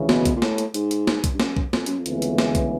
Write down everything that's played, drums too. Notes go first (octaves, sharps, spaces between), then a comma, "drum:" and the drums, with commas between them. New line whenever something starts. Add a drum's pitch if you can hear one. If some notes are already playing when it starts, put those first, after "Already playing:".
Already playing: D2 C#3 E3
B2, drum: snare
drum: kick B1, hi-hat
A#2
A2, drum: snare
drum: hi-hat
G#2, drum: hi-hat
drum: hi-hat
drum: snare
drum: kick B1, hi-hat
G2
F#2, drum: snare
drum: kick B1
F2, drum: snare
F#2, drum: hi-hat
F2
D2 C#3 E3 G#3 B3, drum: hi-hat
drum: hi-hat
drum: snare
drum: kick B1, hi-hat